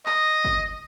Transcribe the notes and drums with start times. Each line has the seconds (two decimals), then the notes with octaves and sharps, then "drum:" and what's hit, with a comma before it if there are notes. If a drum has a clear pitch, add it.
0.06 D#5, drum: clap
0.45 drum: kick